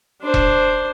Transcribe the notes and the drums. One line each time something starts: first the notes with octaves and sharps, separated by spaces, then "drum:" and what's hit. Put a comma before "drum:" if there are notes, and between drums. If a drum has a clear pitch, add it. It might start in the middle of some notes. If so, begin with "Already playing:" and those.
D4 C5
drum: kick E1